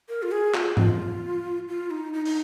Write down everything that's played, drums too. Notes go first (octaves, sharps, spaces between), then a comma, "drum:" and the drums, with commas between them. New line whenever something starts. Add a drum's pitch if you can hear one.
A#4
F4
G#4
F4, drum: clap
F4, drum: tom G#2
F4
D#4
D#4
D#4, drum: open hi-hat